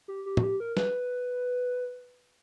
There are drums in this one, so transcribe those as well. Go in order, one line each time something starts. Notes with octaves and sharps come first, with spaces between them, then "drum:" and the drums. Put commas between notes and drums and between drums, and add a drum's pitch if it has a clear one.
G4
G4
F#4, drum: tom
G4
A#4
B4, drum: snare